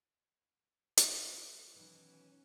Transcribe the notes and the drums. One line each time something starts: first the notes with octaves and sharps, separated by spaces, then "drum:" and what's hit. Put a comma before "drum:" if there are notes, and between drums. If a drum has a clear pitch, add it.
drum: hi-hat
B2 D#3 E3 F#3 C#4